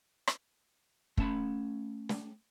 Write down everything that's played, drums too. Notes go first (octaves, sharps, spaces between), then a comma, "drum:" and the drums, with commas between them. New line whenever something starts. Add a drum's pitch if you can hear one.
drum: rim click
A3 C#4 A5 B5, drum: kick
drum: snare